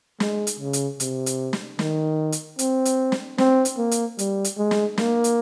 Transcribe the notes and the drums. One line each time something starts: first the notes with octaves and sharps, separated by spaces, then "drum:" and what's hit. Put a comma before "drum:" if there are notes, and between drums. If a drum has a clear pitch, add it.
G#3, drum: snare
drum: hi-hat
C#3
drum: hi-hat
C3, drum: hi-hat
drum: hi-hat
drum: snare
D#3, drum: snare
drum: hi-hat
C4, drum: hi-hat
drum: hi-hat
drum: snare
C4, drum: snare
drum: hi-hat
A#3
drum: hi-hat
G3, drum: hi-hat
drum: hi-hat
G#3
drum: snare
A#3, drum: snare
drum: hi-hat